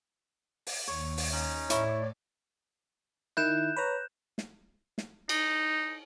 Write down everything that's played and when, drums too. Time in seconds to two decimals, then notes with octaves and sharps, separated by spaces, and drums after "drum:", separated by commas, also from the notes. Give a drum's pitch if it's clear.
0.67 drum: open hi-hat
0.88 D#2 C#5
1.17 drum: open hi-hat
1.32 C#4 D#4
1.70 A2 E4 C#5 D5 C#6, drum: hi-hat
3.37 D#3 E4 F#6 G6 E7
3.76 B4 C#5 A#5
4.38 drum: snare
4.98 drum: snare
5.29 D#4, drum: cymbal